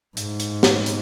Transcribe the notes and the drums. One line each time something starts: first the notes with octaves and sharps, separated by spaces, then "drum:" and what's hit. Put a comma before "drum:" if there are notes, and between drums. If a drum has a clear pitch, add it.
G#2, drum: hi-hat
drum: hi-hat
drum: snare
drum: hi-hat